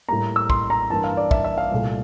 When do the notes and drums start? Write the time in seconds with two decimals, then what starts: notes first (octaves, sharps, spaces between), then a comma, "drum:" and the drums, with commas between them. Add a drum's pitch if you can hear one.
0.09 A2 G3 A#3 A#5
0.36 E6
0.50 C6, drum: kick
0.70 A#5
0.90 G2 E3 A#3 A5
1.04 F5
1.17 D5
1.31 E5, drum: kick
1.44 E5
1.58 F5
1.71 C2 A#2 A3